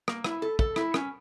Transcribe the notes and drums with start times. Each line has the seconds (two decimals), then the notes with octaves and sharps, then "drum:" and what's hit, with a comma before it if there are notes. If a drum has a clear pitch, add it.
0.08 A#3, drum: rim click
0.24 E4, drum: rim click
0.42 A4
0.59 A4, drum: kick
0.76 E4, drum: rim click
0.94 C#4, drum: rim click